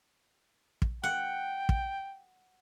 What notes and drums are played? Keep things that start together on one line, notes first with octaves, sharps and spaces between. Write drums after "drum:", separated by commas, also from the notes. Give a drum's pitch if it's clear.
drum: kick
F#5 G5
drum: kick